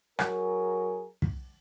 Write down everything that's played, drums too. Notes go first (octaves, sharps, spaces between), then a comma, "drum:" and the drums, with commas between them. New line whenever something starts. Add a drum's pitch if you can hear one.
F#3 G#4 A#4, drum: rim click
drum: kick